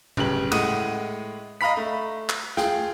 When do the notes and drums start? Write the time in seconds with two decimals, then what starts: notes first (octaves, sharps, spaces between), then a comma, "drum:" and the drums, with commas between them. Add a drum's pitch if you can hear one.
0.17 G1 C#3 G4 F#7, drum: tom A2
0.52 A2 G#3 F#5 D#6 D#7, drum: cymbal
1.61 D#5 F5 A#5 B5 B6
1.77 A3
2.29 drum: clap
2.57 F4 G#4 G5, drum: snare